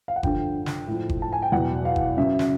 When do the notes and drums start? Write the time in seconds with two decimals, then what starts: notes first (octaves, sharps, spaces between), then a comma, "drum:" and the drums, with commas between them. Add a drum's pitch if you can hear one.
0.08 F5
0.16 F#5
0.23 G2 D3 F3 G5, drum: kick F#1
0.66 drum: snare
0.87 A2 F3
1.09 drum: kick F#1
1.22 A5
1.33 G#5
1.42 G5
1.52 E2 B2 F#3 F#5
1.85 F5
1.96 drum: kick F#1
2.17 F#2 C#3 F#3 E5
2.39 drum: snare